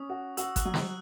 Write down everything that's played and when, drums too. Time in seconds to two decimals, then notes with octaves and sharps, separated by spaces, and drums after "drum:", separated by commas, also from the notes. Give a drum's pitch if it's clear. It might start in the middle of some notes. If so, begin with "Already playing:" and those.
Already playing: C#4 D#6
0.09 F#4
0.37 F#4 E6, drum: hi-hat
0.56 F#6, drum: kick, hi-hat
0.65 F#3
0.74 F#6, drum: snare